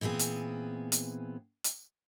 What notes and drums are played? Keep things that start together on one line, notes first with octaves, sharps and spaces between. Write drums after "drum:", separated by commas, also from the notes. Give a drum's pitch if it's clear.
A#2 E3 B3 C4 G#4
drum: hi-hat
drum: hi-hat
drum: hi-hat